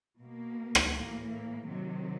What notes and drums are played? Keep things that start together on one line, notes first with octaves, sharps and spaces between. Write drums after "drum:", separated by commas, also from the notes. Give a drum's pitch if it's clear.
B2 A#3
drum: rim click
A2 E3 A#3
A#3
C3 D#3 F#3